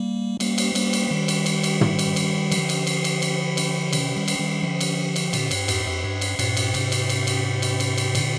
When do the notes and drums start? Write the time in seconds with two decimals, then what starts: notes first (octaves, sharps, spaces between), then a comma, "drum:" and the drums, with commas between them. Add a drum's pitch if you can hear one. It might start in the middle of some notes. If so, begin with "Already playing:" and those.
Already playing: G3 A#3
0.40 G3 A#3, drum: cymbal
0.58 drum: cymbal
0.75 G3 A#3, drum: cymbal
0.93 drum: cymbal
1.10 D#3 G3
1.28 drum: cymbal
1.46 drum: cymbal
1.63 drum: cymbal
1.81 drum: tom
1.99 drum: cymbal
2.16 drum: cymbal
2.51 D3 F3, drum: cymbal
2.69 drum: cymbal
2.87 drum: cymbal
3.04 drum: cymbal
3.22 drum: cymbal
3.57 drum: cymbal
3.93 C3 D#3, drum: cymbal
4.16 D#3 G3
4.28 drum: cymbal
4.39 D#3 G3
4.63 D3 F3
4.81 drum: cymbal
5.16 drum: cymbal
5.33 A#2 D3, drum: cymbal
5.51 G2, drum: cymbal
5.68 F2 G#2, drum: cymbal
5.86 F2
6.04 G2
6.21 drum: cymbal
6.39 G2 A#2, drum: cymbal
6.57 drum: cymbal
6.74 G#2 C3, drum: cymbal
6.92 drum: cymbal
7.09 drum: cymbal
7.27 drum: cymbal
7.62 drum: cymbal
7.80 drum: cymbal
7.98 drum: cymbal
8.15 A#2 D3, drum: cymbal